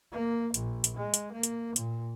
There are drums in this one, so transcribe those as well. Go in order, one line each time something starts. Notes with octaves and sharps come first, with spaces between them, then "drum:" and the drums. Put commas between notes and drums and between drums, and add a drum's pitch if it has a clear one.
A#3
A#1, drum: hi-hat
drum: hi-hat
G#3
drum: hi-hat
A#3
drum: hi-hat
A#2, drum: hi-hat